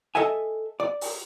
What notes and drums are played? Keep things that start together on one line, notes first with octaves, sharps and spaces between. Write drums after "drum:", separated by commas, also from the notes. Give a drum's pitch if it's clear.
A4 D#5 E5 G#5
D5
drum: open hi-hat